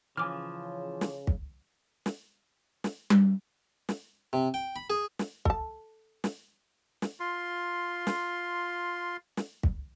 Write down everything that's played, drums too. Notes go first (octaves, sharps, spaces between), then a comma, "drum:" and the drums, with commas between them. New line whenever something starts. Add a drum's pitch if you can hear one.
C#3 E3 F3 G#5 D6 F6
drum: snare
drum: kick
drum: snare
drum: snare
drum: tom G3
drum: snare
C3
G5
B5
G#4
drum: snare
A4 A5, drum: kick
drum: snare
drum: snare
F4 C6
drum: snare
drum: snare
drum: kick